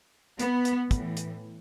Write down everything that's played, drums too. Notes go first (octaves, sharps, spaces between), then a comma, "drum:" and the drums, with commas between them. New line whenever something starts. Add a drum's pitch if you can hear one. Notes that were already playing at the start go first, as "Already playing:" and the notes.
B3, drum: hi-hat
drum: hi-hat
A2 E3, drum: kick, hi-hat
drum: hi-hat